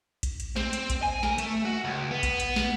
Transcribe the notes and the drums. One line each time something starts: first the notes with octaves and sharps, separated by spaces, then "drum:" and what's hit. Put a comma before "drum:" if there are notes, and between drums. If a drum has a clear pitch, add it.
drum: kick A#1, hi-hat
drum: hi-hat
C4, drum: snare
drum: hi-hat
drum: kick A#1, hi-hat
G#5
A#4, drum: snare
A3, drum: hi-hat
F#4
C#2
B3
drum: kick A#1, hi-hat
drum: hi-hat
drum: snare